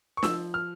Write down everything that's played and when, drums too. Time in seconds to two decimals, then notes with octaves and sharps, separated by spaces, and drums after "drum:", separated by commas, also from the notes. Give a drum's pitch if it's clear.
0.17 C#6
0.23 F3 E6, drum: snare
0.54 F6